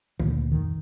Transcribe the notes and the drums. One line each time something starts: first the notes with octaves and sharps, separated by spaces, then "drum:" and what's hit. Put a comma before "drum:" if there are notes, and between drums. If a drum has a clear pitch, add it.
D2 A#2, drum: tom D#3
F1 D#3